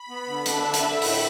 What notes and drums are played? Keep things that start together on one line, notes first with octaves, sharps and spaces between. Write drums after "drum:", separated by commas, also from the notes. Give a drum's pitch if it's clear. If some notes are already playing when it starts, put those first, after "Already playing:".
Already playing: B5
B3
D3
D4 E5, drum: hi-hat
D3
drum: hi-hat
D3
A2, drum: open hi-hat